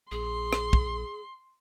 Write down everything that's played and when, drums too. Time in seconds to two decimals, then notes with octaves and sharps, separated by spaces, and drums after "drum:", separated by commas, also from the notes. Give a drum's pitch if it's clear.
0.12 A#1 G#4 C6
0.53 drum: rim click
0.73 drum: kick